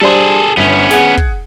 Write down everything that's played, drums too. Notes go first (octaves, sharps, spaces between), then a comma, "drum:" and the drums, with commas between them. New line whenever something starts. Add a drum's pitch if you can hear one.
G3 D4 G#4 A4 C5
G1 B3 C#4
G#4 F#5, drum: snare
drum: kick